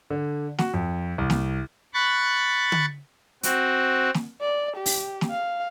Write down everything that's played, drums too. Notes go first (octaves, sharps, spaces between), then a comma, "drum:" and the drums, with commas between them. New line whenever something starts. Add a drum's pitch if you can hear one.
D3
F#4, drum: snare
F2
C2
drum: snare
B5 C#6 F#6 A6
drum: tom D3
C4 F#4, drum: hi-hat
drum: snare
D5
G4
drum: open hi-hat
drum: snare
F5